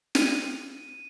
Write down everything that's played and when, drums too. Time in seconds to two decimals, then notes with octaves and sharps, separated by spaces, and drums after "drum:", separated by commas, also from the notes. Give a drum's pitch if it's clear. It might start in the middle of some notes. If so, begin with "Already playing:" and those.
0.15 D#7, drum: snare